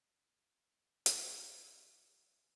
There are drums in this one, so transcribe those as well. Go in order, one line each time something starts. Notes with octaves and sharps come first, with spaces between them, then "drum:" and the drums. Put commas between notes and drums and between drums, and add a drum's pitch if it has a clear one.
B4 B5 C6
drum: hi-hat